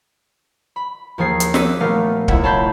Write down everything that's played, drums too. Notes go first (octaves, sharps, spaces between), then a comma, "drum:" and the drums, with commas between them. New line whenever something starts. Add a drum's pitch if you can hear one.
B5
D#2 F3 D#4 G#4 C7
drum: hi-hat
D6 E6 F#6 B6 C#7 D#7, drum: snare
D#1 A3 B3 D#4 A#4 F5
F1 E4 E5 F#5, drum: kick D1
C#5 A5 B5 C6 G6 B6